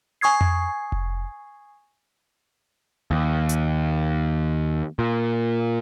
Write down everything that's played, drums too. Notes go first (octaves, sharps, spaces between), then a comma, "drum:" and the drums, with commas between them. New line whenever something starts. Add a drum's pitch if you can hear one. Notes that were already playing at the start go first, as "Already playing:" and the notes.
G#5 C#6 D#6 G#6 C7
drum: tom F2
drum: kick F1
D#2
drum: hi-hat
A#2